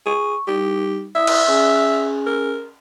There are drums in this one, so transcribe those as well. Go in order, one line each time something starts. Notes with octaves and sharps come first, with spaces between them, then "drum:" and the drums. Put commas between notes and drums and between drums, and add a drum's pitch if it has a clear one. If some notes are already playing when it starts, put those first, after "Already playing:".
G#4 C#6
G3 D#4 G4
E4 E5 D#6
drum: cymbal
C#4 G#4 G#5
A#4